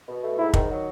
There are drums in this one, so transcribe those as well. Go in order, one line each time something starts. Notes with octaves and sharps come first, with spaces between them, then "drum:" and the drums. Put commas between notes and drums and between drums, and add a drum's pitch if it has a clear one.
B2
A3
G#2 E4
D#3, drum: kick
F#3